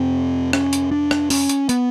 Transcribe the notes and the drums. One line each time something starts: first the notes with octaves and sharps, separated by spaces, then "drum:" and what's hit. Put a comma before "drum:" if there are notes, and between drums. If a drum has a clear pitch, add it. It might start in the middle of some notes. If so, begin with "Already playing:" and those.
Already playing: F2 C3 C4
C#4, drum: rim click
drum: hi-hat
D4
drum: rim click
C#4, drum: open hi-hat
drum: hi-hat
B3, drum: hi-hat